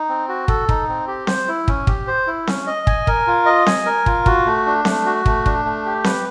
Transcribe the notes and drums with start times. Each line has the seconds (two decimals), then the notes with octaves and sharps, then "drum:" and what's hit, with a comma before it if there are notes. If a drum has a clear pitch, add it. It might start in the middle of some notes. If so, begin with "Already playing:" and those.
Already playing: D#4
0.09 C4
0.28 F#4
0.48 A4, drum: kick
0.69 D#4, drum: kick
0.88 C4
1.07 G4
1.27 C5, drum: snare C4
1.48 E4
1.68 C#4, drum: kick
1.87 G4, drum: kick
2.07 C5
2.27 E4
2.47 C#4, drum: snare C4
2.67 D#5
2.87 G#5, drum: kick
3.07 A#4, drum: kick
3.27 F4
3.46 D#5
3.66 G#5, drum: snare C4
3.85 A#4
4.06 F4, drum: kick
4.26 F#4, drum: kick
4.46 A3
4.66 D4
4.85 A3, drum: snare C4
5.06 F#4
5.26 A3, drum: kick
5.46 D4, drum: kick
5.65 A3
5.85 G4
6.04 B4, drum: snare C4